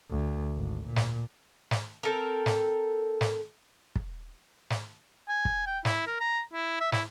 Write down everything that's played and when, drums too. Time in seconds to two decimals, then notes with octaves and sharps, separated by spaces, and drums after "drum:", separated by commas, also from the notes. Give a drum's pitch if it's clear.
0.10 D2
0.56 G#1
0.86 A#2
0.96 drum: snare
1.71 drum: snare
2.03 C4 A4 A#4
2.46 drum: snare
3.21 drum: snare
3.96 drum: kick
4.70 drum: snare
5.28 G#5
5.45 drum: kick
5.66 G5
5.85 E4, drum: snare
6.07 A#4
6.20 A#5
6.53 E4
6.80 E5
6.92 E4, drum: snare